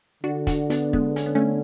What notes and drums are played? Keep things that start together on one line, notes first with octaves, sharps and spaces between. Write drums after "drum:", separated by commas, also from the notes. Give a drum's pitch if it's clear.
D3 D4 F#4
D4 F#4, drum: kick, hi-hat
B3 D4, drum: hi-hat
G#3 B3, drum: kick
C#4, drum: hi-hat
B3
A3 C#4